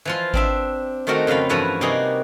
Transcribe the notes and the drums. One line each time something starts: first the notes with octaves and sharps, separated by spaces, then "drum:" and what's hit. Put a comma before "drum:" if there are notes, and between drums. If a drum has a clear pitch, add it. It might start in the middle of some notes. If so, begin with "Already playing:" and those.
E3 F3 F4
C4 D4 E5, drum: kick G#1
D#3 A3 C4 F#4 A#4
F2 C#3 F4 F5 B5
G2 E3 F3 F#4 B4
C3 G3 A#3 D#4 F#4 G#4